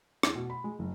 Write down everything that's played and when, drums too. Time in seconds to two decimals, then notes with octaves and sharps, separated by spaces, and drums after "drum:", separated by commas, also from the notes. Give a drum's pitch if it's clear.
0.23 E2, drum: rim click
0.35 B2
0.50 B5
0.64 G#3
0.79 F#1